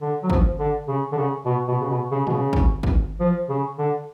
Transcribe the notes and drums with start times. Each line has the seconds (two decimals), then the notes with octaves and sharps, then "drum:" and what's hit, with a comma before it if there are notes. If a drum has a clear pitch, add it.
0.01 D3
0.23 F#3
0.30 F3, drum: kick
0.59 D3
0.88 C#3
1.12 D3
1.17 C#3
1.45 B2
1.68 B2
1.81 C#3
1.89 B2
2.11 C#3
2.27 B2, drum: tom
2.33 C#3
2.53 drum: kick
2.83 drum: kick
3.20 F3
3.49 C#3
3.78 D3